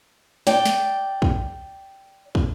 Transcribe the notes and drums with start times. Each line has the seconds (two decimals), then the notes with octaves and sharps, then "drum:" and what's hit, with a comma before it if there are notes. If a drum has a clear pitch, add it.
0.47 D5 G5, drum: snare
0.65 drum: snare
1.22 drum: kick
2.35 drum: kick